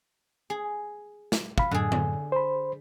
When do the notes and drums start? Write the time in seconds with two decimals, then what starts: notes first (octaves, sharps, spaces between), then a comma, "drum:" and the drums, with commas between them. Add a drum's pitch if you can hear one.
0.50 G#4
1.32 drum: snare
1.58 F5 B5, drum: kick
1.71 F#2 A2 D3 G#4
1.92 drum: tom D3
2.32 C5 B5